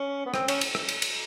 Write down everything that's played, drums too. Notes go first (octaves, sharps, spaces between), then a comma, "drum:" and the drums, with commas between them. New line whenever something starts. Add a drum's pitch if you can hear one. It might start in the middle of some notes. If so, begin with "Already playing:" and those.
Already playing: C#4
B3
C4, drum: rim click
C#4, drum: cymbal
drum: cymbal
drum: rim click
drum: cymbal
drum: cymbal